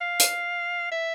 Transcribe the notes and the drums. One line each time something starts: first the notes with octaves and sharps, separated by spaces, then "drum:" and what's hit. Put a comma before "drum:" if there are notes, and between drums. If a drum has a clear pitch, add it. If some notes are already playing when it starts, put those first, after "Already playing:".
F5
drum: hi-hat
E5